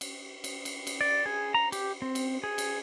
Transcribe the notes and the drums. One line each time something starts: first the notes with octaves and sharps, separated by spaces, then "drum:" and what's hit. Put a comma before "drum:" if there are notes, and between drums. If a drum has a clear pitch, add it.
drum: cymbal
drum: cymbal
drum: cymbal
drum: cymbal
D5
G#4
A#5
G4, drum: cymbal
C4
drum: cymbal
G#4
drum: cymbal